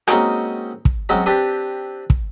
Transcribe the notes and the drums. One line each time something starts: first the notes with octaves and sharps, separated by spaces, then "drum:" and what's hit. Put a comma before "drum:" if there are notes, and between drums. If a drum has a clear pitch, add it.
G#3 A#3 C4 C#4 D#4 F#4, drum: rim click
drum: kick
F#3 G#3 C4 C#4 F#4
C4 D4 G4 B4
drum: kick